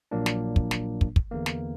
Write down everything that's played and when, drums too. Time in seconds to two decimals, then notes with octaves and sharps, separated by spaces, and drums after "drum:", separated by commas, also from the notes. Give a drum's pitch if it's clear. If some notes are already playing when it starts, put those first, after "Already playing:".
0.11 A#1 A#2 F#3 A#3 D4
0.26 drum: snare
0.56 drum: kick
0.71 drum: snare
1.01 drum: kick
1.16 drum: kick
1.31 E2 D3 A#3
1.46 drum: snare